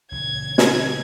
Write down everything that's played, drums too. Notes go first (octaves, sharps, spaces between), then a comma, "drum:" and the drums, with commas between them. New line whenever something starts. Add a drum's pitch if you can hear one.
C#2 A#2 E3 G#6
drum: snare